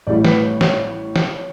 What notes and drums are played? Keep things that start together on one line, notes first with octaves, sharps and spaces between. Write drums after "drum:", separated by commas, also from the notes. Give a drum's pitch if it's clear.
A1 A2 G3 D5
B4, drum: snare
C#5
C#5, drum: snare
drum: snare